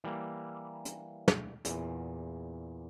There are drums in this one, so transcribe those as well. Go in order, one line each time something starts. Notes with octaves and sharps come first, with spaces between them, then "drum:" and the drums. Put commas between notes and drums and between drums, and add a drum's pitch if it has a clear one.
E3 G3 A#3
drum: hi-hat
drum: snare
E2 A#2, drum: hi-hat